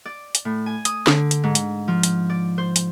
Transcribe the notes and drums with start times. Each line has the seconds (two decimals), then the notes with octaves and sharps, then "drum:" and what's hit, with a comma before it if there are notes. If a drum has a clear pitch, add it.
0.06 D5
0.35 drum: hi-hat
0.45 A2
0.66 G#5
0.85 D#6, drum: hi-hat
1.07 D3, drum: snare
1.31 drum: hi-hat
1.44 G#2
1.55 drum: hi-hat
1.88 F3
2.03 drum: hi-hat
2.30 D5
2.58 C5
2.76 drum: hi-hat